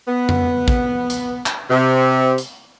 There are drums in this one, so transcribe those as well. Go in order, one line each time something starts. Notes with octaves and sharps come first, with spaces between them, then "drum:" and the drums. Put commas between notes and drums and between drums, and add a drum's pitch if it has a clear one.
B3
drum: tom F2
drum: kick
drum: hi-hat
drum: clap
C3
drum: hi-hat